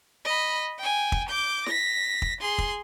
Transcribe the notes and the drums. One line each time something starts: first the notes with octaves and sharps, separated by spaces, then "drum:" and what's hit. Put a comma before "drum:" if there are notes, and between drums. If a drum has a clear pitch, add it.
D#5 B5
G5 G#5
drum: kick
D6 G6
A#6 B6, drum: snare
drum: kick
G#4 C6
drum: kick